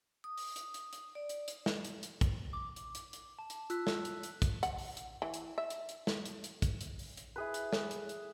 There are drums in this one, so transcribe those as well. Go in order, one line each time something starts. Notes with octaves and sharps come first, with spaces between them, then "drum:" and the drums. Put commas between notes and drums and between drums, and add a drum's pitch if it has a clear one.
D#6
drum: open hi-hat
drum: hi-hat
drum: hi-hat
drum: hi-hat
D5
drum: hi-hat
drum: hi-hat
drum: snare
drum: hi-hat
drum: hi-hat
drum: kick, hi-hat
D6
drum: hi-hat
drum: hi-hat
drum: hi-hat
A5
drum: hi-hat
F4 E6 F#6 B6, drum: hi-hat
drum: snare
drum: hi-hat
drum: hi-hat
drum: kick, hi-hat
F#5, drum: hi-hat
drum: open hi-hat
drum: hi-hat
E3
drum: hi-hat
E5
drum: hi-hat
drum: hi-hat
drum: snare
drum: hi-hat
drum: hi-hat
drum: kick, hi-hat
drum: hi-hat
drum: open hi-hat
drum: hi-hat
E4 G#4 B4
drum: hi-hat
drum: snare
drum: hi-hat
drum: hi-hat